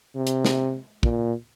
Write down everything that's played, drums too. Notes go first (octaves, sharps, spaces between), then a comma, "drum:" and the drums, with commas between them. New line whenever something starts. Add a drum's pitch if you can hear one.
C3
drum: hi-hat
drum: snare
A#2, drum: kick